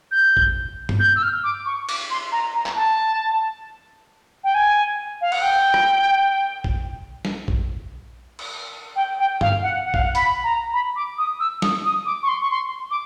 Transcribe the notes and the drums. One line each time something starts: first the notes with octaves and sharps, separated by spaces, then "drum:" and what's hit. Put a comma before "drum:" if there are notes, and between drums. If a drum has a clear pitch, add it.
G6
drum: kick A#1
drum: tom G2
G6
E6
F6
D6
C#6
D6, drum: cymbal
C6
A#5
A#5
drum: clap
A5
G5
G#5
F5
F#5, drum: cymbal
G5
drum: rim click
drum: kick A#1
drum: snare
drum: kick A#1
drum: cymbal
G5
G5
F5, drum: tom G2
F#5
F#5
F5, drum: kick A#1
F#5
B5, drum: hi-hat
A#5
B5
D6
D#6
E6
D#6, drum: snare
D#6
D6
C#6
C6
C#6
C6
D6